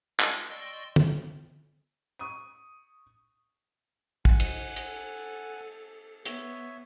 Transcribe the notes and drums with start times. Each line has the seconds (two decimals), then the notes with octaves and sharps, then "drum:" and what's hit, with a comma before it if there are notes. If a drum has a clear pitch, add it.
0.20 G#3 F4, drum: clap
0.50 D5 D#5 G5 C6 C#6 E6
0.96 drum: tom
2.19 C#6 D#6 D#7
4.25 F#5 G#5, drum: kick
4.40 drum: cymbal
4.76 drum: hi-hat
4.87 A4
6.25 B3 C#5 E5, drum: hi-hat